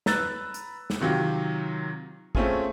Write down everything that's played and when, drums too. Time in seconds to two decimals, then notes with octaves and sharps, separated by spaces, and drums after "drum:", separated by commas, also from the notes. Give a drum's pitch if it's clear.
0.06 B4 A#5 E6 F#6 A6, drum: snare
0.54 drum: hi-hat
0.90 drum: snare
1.00 C3 D#3 F#3 F4 G4
2.35 A3 C4 C#4 F4 G#4, drum: kick